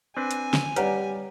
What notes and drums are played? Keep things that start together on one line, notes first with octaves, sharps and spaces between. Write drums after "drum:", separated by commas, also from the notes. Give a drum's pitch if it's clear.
C4 D4 B4 G#5
drum: hi-hat
drum: snare
G3 G4 B4 C#5 D5 F#5 A#5, drum: hi-hat